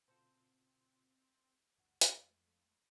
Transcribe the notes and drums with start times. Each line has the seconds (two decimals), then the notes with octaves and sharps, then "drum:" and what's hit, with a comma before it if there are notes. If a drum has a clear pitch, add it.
0.08 A#2 C#3 C4 F4 F#4 A4 C5
1.78 C#2 F#2 F#5
2.01 F2 G#3 A3, drum: hi-hat